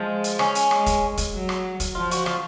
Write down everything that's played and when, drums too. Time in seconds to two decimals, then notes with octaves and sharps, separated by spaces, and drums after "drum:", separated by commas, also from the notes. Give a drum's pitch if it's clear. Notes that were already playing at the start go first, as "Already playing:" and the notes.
Already playing: F3 G#3
0.24 drum: hi-hat
0.39 C#4, drum: rim click
0.55 drum: hi-hat
0.71 G#3, drum: rim click
0.86 drum: kick, hi-hat
1.18 drum: kick, hi-hat
1.33 F#3
1.49 drum: rim click
1.80 drum: kick, hi-hat
1.95 F3 F4
2.11 F#4, drum: hi-hat
2.26 F4, drum: rim click